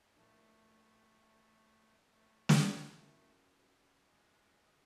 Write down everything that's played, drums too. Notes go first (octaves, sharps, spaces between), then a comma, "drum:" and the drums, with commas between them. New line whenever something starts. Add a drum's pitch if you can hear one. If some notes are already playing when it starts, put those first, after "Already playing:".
A2 F3 A3 A#3 D4
A3
drum: snare
F#3 A#3 C#4 E4
G#3